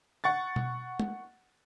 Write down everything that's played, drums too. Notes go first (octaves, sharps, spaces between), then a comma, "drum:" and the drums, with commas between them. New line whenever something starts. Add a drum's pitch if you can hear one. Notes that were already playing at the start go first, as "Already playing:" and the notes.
F#5 C#6 A6
drum: tom B2
drum: tom G#3